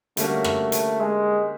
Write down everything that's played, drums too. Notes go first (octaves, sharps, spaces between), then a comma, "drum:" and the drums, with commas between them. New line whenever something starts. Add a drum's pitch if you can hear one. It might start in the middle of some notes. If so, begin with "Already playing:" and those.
D3 G3 A3 A#3 C#4 F#4, drum: hi-hat
drum: rim click
drum: hi-hat
G#3